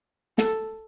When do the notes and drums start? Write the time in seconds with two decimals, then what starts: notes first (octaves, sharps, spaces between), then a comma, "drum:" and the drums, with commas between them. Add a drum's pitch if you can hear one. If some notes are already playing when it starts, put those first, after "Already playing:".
0.38 A4, drum: snare